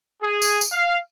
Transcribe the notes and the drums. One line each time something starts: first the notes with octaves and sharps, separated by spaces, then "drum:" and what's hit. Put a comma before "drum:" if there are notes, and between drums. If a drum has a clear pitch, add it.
G#4
drum: tambourine
drum: tambourine
F5